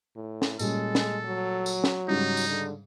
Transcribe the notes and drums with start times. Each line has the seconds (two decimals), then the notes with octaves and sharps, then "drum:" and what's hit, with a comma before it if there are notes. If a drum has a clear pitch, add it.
0.16 A2
0.42 drum: snare
0.59 A#2 G3 G#3 C#4 A4, drum: tambourine
0.95 drum: snare
1.25 F#3
1.66 drum: tambourine
1.84 drum: snare
2.08 G#2 C#3 G3 D#4
2.37 drum: tambourine
2.49 D3